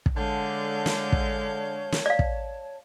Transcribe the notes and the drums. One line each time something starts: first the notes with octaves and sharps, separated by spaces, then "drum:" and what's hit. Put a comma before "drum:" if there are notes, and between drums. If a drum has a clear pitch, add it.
drum: kick
D3 G#3 C#5 F5 A5 G6
drum: snare
drum: kick
drum: snare
D5 F5
drum: kick